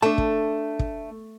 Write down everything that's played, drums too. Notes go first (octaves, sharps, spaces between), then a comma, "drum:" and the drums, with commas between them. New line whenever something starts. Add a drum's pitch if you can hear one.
A3 D4 A5
drum: kick
drum: kick